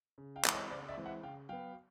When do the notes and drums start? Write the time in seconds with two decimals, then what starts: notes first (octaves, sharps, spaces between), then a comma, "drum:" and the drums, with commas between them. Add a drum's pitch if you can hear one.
0.18 C#3
0.36 F5 G5
0.45 E3 G#3 C4 E5, drum: clap
0.53 C#5 D#5
0.70 C#3 C5 D5
0.88 D5 E5
0.97 E3 G#3 C4
1.06 E5 F#5
1.23 C#3 F5 G5
1.49 F#3 B3 F5 G5